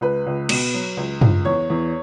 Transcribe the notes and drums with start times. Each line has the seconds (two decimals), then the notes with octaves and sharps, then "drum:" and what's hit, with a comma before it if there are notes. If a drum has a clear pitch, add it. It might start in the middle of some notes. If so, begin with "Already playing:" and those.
0.01 C#2 B4
0.26 C#2
0.49 B2, drum: cymbal
0.74 F#3
0.97 C#2
1.21 C#2, drum: tom
1.45 E2 C#5
1.70 E2